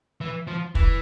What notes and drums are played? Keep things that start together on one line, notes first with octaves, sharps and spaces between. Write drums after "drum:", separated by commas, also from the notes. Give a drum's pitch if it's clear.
E3
F3
E3, drum: kick